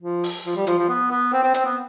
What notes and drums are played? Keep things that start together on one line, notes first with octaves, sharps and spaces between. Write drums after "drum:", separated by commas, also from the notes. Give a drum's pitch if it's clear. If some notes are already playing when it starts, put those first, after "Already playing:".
F3
drum: open hi-hat
F3
G3
F3, drum: hi-hat
F3
B3
B3
C4
C4
C4, drum: hi-hat
B3